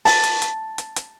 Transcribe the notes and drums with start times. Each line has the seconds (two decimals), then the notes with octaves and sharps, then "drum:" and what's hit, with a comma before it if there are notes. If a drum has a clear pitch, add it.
0.05 A5, drum: open hi-hat
0.24 drum: hi-hat
0.42 drum: hi-hat
0.78 drum: hi-hat
0.96 drum: hi-hat